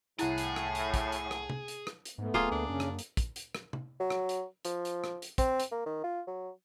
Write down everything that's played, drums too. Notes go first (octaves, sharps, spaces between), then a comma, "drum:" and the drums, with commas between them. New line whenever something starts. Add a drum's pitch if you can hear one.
C2 A2 E4 G#4 F#5 A5, drum: hi-hat
drum: hi-hat
drum: rim click
drum: hi-hat
drum: kick, hi-hat
drum: hi-hat
drum: rim click
drum: tom C3
drum: hi-hat
drum: rim click
drum: hi-hat
G#2 A3 B3
D1 A#3 F4 G#4
D2 D4
F#2 C#3 C#4
drum: rim click
drum: hi-hat
drum: kick, hi-hat
drum: hi-hat
drum: rim click
drum: tom C3
F#3
drum: rim click
drum: hi-hat
F3, drum: hi-hat
drum: hi-hat
drum: rim click
drum: hi-hat
C4, drum: kick, hi-hat
drum: hi-hat
A#3
D#3
F4
F#3